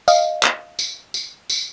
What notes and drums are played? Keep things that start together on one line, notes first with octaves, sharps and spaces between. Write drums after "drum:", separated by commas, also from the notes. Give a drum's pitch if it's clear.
D#5 F5, drum: tambourine
drum: clap
drum: tambourine
drum: tambourine
drum: tambourine